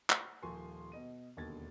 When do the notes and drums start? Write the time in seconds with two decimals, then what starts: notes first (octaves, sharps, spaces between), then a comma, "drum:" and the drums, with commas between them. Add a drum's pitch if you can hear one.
0.10 drum: clap
0.42 D#1 F3 A#4 G#5 C6 C#6
0.92 B2 D#5 D#7
1.37 E1 D#2 D3 G#6 A6